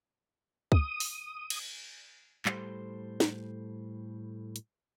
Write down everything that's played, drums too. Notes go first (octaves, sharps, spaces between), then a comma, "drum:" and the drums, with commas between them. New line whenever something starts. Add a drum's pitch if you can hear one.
D#6, drum: kick
drum: open hi-hat
drum: cymbal
A2 G3 G4 A4 C5 C6, drum: clap
drum: snare
drum: hi-hat